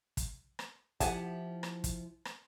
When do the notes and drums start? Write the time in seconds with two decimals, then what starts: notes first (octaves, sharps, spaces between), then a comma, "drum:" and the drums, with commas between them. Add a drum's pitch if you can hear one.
0.17 drum: kick, hi-hat
0.59 drum: rim click
1.00 F3 E4 G4 F#5 G#5 A5, drum: kick, hi-hat
1.63 drum: rim click
1.84 drum: kick, hi-hat
2.25 drum: rim click